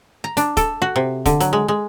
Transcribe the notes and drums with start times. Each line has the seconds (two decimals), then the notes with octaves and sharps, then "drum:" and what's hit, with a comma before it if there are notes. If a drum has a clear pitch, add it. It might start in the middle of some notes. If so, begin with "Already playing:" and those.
0.24 A#5
0.37 D4, drum: hi-hat
0.57 A4, drum: kick, hi-hat
0.82 F#4
0.96 C3
1.26 D3, drum: kick, hi-hat
1.40 F#3, drum: hi-hat
1.53 G#3
1.68 G#3